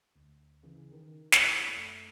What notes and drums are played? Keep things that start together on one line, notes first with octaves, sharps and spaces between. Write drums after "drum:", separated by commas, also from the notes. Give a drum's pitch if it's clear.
D2
C#3 E3
D#3
E4, drum: snare
F#2 A3